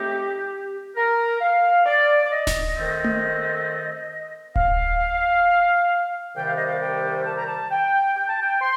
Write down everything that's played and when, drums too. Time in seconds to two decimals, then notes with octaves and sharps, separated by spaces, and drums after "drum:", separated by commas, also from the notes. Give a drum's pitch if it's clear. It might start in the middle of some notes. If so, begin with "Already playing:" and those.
Already playing: A2 A3 C4 D#4 G4
0.96 A#4
1.40 F5
1.86 D5
2.23 D5
2.31 D#5
2.47 drum: snare D1
2.76 F2 D#3 A3 C4
3.04 drum: tom A3
4.56 F5, drum: kick D1
6.36 C2 C3 D#3 G3 C4 G5
6.47 F5
6.57 D#5
6.68 F5
6.81 G5
7.26 A5
7.36 A#5
7.47 A5
7.71 G5
8.16 G5
8.29 A5
8.42 G5
8.61 C6